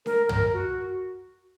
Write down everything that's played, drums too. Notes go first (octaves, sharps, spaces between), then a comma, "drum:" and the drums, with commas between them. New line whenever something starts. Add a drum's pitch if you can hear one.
A#4, drum: snare D4
A#4, drum: tom
F#4